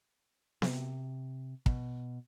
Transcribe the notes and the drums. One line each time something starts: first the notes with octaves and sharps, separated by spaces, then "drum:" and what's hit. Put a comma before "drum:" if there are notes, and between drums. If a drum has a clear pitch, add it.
C3, drum: snare B3
B2, drum: kick